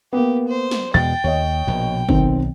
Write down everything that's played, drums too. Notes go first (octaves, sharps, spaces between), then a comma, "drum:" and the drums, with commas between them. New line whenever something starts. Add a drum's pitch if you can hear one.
A#3 B3 G4
C5
drum: snare
E2 B2 G#3 G5 A6
D#2 C#5 D#5
A#1 B2
B1 D#3 C4, drum: kick G1